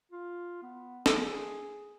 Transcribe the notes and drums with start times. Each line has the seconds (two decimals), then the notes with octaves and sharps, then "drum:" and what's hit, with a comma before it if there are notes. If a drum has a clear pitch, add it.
0.11 F4
0.62 B3
1.06 G#4, drum: snare